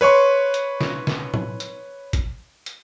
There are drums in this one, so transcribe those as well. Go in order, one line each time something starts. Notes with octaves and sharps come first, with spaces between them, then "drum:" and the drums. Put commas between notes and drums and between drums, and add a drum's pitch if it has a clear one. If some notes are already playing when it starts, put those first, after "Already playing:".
B4 C#5 C6 C#6
drum: hi-hat
drum: snare
drum: snare
drum: tom A2
drum: hi-hat
drum: kick G#1, hi-hat
drum: hi-hat